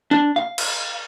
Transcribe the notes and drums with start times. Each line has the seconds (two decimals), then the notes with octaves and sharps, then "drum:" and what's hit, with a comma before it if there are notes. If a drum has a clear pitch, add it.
0.11 D4
0.36 F5
0.58 drum: cymbal